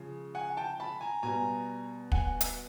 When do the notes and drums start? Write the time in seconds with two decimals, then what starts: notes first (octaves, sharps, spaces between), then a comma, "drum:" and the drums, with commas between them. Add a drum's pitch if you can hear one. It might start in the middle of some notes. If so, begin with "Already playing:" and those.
Already playing: C#3 F3 G#3
0.35 F#5 G#5
0.57 G5 A5
0.80 A5 B5
1.01 G#5 A#5
1.23 B2 G3 G#5 A#5
2.12 F#5 G#5, drum: kick
2.41 drum: hi-hat